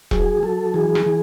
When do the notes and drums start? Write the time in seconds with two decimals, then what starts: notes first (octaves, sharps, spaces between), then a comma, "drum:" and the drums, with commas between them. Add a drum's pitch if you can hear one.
0.11 F#3 G#4, drum: kick E1
0.43 F#3 A4
0.74 E3 G#4
0.95 drum: rim click
1.06 E3